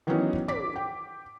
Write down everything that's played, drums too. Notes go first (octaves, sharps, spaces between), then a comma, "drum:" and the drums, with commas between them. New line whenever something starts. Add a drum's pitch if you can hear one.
D#3 E3 F#3 B3 C#4 D#4
drum: kick
D6 B6, drum: tom
G5